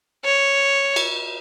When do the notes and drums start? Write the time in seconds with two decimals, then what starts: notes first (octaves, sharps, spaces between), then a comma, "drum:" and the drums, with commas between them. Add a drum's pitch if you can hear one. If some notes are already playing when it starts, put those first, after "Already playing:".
0.25 C#5
0.96 drum: cymbal